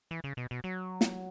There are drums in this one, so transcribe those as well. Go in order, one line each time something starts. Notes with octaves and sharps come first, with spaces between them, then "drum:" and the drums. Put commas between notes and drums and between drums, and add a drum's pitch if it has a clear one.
E3
C#3
B2
B2
F#3
drum: snare